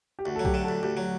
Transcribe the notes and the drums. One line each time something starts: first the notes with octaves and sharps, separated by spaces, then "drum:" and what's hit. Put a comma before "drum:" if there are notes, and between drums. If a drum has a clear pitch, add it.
G4
D2 F#4
F#3 A4
G4, drum: kick B1
D3
D2 A4
D2 G4
F#3